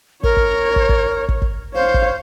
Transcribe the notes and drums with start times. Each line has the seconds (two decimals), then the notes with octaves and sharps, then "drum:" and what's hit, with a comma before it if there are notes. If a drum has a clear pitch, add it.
0.23 A#4 C#5, drum: kick
0.37 drum: kick
0.76 drum: kick
0.89 drum: kick
1.29 drum: kick
1.42 drum: kick
1.75 C5 C#5 F5
1.94 drum: kick